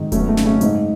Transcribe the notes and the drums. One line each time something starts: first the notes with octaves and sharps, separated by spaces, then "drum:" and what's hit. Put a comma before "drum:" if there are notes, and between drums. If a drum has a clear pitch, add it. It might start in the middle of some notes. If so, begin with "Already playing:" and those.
Already playing: G#2 D#3
F#2 A3 C#4, drum: kick D#1, hi-hat
B3
A3
C#3, drum: snare
A3 C#4
G#2, drum: hi-hat